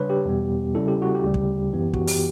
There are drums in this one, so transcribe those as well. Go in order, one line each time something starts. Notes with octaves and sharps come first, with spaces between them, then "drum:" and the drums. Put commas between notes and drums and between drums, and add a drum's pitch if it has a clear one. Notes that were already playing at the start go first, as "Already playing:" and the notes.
Already playing: C#3 G3 D4 B4 C#5
G4
E2 B2 G3 B3
C#3 G3 C#4 E4 A4
G4
F#4
G4
D2 C#3 G3
drum: kick
F#2 E3 B3
F#4, drum: kick
G4, drum: open hi-hat